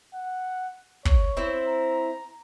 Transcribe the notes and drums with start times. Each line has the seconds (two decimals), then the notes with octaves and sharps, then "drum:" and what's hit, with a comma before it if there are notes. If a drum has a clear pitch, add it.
0.14 F#5
1.05 C#5, drum: kick
1.37 C4 E4 C5
1.68 A#5